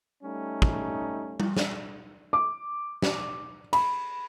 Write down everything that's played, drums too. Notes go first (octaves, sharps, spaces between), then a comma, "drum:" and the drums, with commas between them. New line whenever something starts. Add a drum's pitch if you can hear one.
G3 A3 C#4 D#4
drum: kick
drum: tom G3
drum: snare
D6
drum: snare
B5, drum: cymbal